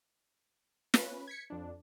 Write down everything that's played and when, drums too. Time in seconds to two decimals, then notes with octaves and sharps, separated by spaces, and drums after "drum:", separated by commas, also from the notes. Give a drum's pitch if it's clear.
0.94 C#4 B4, drum: snare
1.28 G#6 B6 C#7
1.50 F2 D4